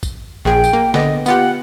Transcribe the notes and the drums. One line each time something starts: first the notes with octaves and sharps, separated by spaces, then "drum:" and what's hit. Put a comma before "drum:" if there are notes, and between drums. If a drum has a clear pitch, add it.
drum: kick, tambourine
A#1 G#4 G5
drum: tambourine
A#3
D3 B3 D#5, drum: snare
B3 F4 G4 F#5, drum: tambourine